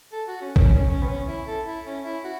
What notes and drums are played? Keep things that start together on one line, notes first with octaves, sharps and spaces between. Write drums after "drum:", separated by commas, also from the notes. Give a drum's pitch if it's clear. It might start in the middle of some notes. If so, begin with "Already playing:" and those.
A4
F#4
C#4
C#4, drum: kick
C#4
C#4
B3
C#4
E4
A4
E4
C#4
E4
F#4